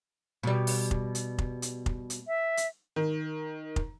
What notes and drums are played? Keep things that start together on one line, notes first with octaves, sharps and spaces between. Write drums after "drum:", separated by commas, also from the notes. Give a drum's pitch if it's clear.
B2 G3
drum: open hi-hat
drum: kick F1
drum: hi-hat
drum: kick F1
drum: hi-hat
drum: kick F1
drum: hi-hat
E5
drum: hi-hat
D#3
drum: kick F1